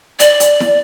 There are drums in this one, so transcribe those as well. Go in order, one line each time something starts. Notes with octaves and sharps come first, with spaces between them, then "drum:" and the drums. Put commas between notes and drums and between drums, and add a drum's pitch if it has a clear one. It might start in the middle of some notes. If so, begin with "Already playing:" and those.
D5, drum: hi-hat
drum: hi-hat
drum: snare E4